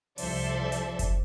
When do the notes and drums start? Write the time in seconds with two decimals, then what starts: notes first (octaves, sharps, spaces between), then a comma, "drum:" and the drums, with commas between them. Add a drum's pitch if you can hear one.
0.18 C2 F3 A4 C5 D5 E5, drum: open hi-hat
0.72 drum: hi-hat
0.99 drum: kick F#1, hi-hat